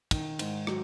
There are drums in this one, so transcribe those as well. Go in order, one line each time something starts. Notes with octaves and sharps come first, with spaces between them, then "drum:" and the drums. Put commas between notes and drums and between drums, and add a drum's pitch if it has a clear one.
D#3, drum: kick, cymbal
G#2, drum: cymbal
F#3, drum: rim click